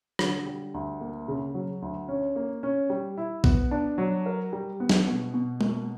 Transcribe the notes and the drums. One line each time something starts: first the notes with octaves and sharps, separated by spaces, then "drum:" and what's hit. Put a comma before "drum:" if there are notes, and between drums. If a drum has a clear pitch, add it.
D3, drum: rim click
G3
D2
A#3
C#3
F#3
D2
C#4
A#3
C#4
G3
E4
B3, drum: kick A#1
D4
F#3
A#4
G3
B3
drum: snare
B2
B2
A#3, drum: tom G#3